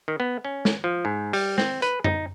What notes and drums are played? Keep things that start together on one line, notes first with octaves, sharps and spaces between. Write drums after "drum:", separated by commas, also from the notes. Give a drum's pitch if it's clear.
D#3
B3
C#4
drum: snare
F3
G#2
G3, drum: open hi-hat
C4, drum: snare
B4, drum: hi-hat
D#4, drum: tom F#2